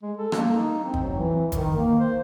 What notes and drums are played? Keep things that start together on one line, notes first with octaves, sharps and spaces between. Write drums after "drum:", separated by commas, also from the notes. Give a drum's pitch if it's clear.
G#3
A4
A#3, drum: rim click
D#4
C4
drum: kick
F#3
E3
D#3, drum: kick, hi-hat
A#3
C5